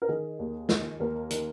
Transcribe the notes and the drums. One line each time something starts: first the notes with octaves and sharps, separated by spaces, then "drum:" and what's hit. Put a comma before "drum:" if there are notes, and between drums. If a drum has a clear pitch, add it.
A#4
D#3 G#4
D#2
D#3, drum: snare
D#2 A#4
D#3, drum: hi-hat